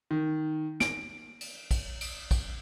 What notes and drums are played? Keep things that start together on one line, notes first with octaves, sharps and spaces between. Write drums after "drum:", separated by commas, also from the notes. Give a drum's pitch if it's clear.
D#3
D7, drum: snare
drum: cymbal
drum: kick, cymbal
drum: cymbal
drum: kick, cymbal